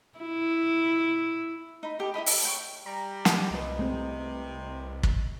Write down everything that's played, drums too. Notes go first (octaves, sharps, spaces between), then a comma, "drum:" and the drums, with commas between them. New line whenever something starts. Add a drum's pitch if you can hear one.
E4
D#4 B5
G4 A4 D#5
E4 A#4 D#5 B5
A4, drum: open hi-hat
C#5 G5 C#6
G3 A#5
drum: snare
C2 A#2 B4 D#5
C3 G#3 A3 C4
drum: kick